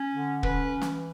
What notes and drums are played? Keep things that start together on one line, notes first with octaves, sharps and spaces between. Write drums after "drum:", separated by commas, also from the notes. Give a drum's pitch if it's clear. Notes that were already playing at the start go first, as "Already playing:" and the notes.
Already playing: C#4
D3
C#4 B4, drum: kick
E3
drum: snare